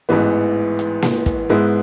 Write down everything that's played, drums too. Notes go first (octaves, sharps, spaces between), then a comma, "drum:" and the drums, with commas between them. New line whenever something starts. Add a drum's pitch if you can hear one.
A1 G#2 E3 B3
drum: hi-hat
drum: snare A#3
drum: kick, hi-hat
G#2 G#3 B3 E4